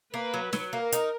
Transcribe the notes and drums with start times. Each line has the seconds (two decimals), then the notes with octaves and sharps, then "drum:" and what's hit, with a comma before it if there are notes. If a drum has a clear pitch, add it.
0.14 A#3 B4
0.34 F#3
0.53 F#3, drum: snare
0.73 A#3 A#4
0.92 D#4, drum: hi-hat